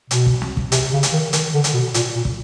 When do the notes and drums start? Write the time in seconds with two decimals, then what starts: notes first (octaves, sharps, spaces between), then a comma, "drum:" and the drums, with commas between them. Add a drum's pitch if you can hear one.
0.11 B2, drum: hi-hat
0.26 drum: kick
0.42 drum: snare
0.57 drum: kick
0.72 C3, drum: hi-hat
0.93 C#3
1.03 drum: hi-hat
1.13 D#3
1.33 D#3, drum: hi-hat
1.54 D3
1.64 drum: hi-hat
1.74 B2
1.94 A#2, drum: hi-hat
2.15 A#2
2.25 drum: kick